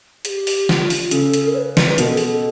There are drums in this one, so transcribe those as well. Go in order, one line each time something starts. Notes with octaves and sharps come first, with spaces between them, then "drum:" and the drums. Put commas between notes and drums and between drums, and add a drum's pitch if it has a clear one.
G#4, drum: hi-hat
G4
drum: open hi-hat
F4, drum: snare
drum: open hi-hat
C#3 A4, drum: hi-hat
drum: hi-hat
A#4
C#5
B4
drum: snare
B2 A#4, drum: hi-hat
A4
G#4, drum: open hi-hat
A4